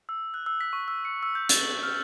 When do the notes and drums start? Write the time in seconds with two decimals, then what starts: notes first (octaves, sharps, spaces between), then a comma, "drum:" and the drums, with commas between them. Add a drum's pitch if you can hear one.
0.09 E6
0.34 F#6
0.46 E6
0.61 B6
0.73 C#6
0.88 E6
1.05 C#7
1.23 E6
1.35 G6
1.49 A6, drum: hi-hat
1.62 F#7
1.83 F6